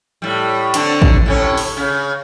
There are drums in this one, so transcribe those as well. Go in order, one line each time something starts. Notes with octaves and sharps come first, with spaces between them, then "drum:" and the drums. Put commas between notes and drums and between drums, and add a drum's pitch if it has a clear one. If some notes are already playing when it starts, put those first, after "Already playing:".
A2 G3
D3 C4 D4, drum: hi-hat
drum: kick
A2 C3 C#4
drum: open hi-hat
C#3